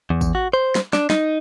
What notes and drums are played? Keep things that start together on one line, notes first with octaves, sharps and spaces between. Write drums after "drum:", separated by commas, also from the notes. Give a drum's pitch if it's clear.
E2
drum: kick A1, tambourine
F#4
C5
drum: snare
D4, drum: snare
D#4, drum: snare